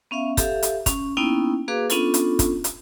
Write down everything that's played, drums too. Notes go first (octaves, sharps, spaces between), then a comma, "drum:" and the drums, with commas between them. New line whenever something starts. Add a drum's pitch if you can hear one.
B3 C#4 E5 F5
G4 A4 E5 F5, drum: kick, hi-hat
drum: hi-hat
C#4, drum: kick, hi-hat
A#3 B3 C#4 D#4 E4 G5
A#3 F#4 G#4 B4 F5 D6
B3 C#4 D4 F4 A4, drum: hi-hat
drum: hi-hat
drum: kick, hi-hat
drum: hi-hat